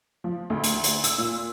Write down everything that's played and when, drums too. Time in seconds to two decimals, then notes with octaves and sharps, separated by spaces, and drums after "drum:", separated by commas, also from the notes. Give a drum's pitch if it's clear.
0.24 F3
0.50 D2
0.64 drum: hi-hat
0.84 drum: hi-hat
1.04 E6, drum: hi-hat
1.18 A#2